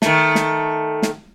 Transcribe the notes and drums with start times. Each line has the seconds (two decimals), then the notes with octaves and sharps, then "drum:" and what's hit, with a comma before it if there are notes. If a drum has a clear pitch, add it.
0.02 D#3 A3, drum: snare
0.35 drum: snare
1.03 drum: snare